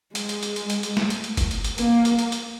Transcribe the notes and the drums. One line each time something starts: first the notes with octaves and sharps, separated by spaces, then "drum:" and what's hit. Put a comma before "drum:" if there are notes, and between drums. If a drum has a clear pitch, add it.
G#3, drum: hi-hat
drum: hi-hat
drum: hi-hat
drum: hi-hat
drum: hi-hat
drum: hi-hat
drum: snare
drum: hi-hat
drum: hi-hat
drum: kick F#1, hi-hat
drum: hi-hat
drum: hi-hat
A#3, drum: hi-hat
drum: hi-hat
drum: hi-hat
drum: hi-hat